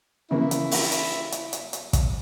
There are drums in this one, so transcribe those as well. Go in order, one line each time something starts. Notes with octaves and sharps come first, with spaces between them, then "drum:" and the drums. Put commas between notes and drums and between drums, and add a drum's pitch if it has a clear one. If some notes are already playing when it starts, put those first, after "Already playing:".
C#3 E3 A#3 E4
drum: hi-hat
drum: open hi-hat
drum: hi-hat
drum: hi-hat
drum: hi-hat
drum: hi-hat
drum: kick, hi-hat